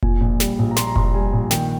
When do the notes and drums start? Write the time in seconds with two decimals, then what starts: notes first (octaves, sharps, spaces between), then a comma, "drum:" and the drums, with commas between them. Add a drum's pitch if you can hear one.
0.03 A#2 G#5, drum: kick F1
0.21 A#1
0.40 G3, drum: snare
0.59 A#1
0.71 A#5
0.76 A#2 C6, drum: snare
0.87 A#5
0.96 A#1 C6, drum: kick F1
1.04 A#5
1.14 G3 G#5
1.33 A#1
1.51 D#3 G5, drum: snare